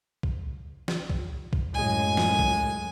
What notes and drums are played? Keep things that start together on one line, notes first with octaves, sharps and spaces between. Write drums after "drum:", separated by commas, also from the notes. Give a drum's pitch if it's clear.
drum: kick
drum: snare
drum: kick
drum: kick
F#2 A2 G#3 G#5
drum: snare
drum: kick